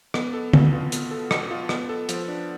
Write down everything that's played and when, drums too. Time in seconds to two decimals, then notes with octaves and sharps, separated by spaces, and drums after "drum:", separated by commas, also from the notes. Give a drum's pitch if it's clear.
0.14 B3, drum: rim click
0.33 A4
0.53 B2, drum: tom
0.73 F4
0.92 B3, drum: hi-hat
1.11 A4
1.31 B2, drum: rim click
1.51 F4
1.69 B3, drum: rim click
1.89 A4
2.09 F3, drum: hi-hat
2.28 D4